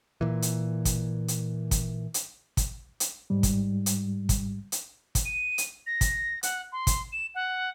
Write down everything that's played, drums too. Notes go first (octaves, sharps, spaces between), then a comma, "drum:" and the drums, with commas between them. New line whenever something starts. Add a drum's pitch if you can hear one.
A#2 E3
drum: hi-hat
drum: kick, hi-hat
drum: hi-hat
drum: kick, hi-hat
drum: hi-hat
drum: kick, hi-hat
drum: hi-hat
G#2 G3
drum: kick, hi-hat
drum: hi-hat
drum: kick, hi-hat
drum: hi-hat
drum: kick, hi-hat
D#7
drum: hi-hat
A#6
drum: kick, hi-hat
F#5, drum: hi-hat
C6
drum: kick, hi-hat
E7
F#5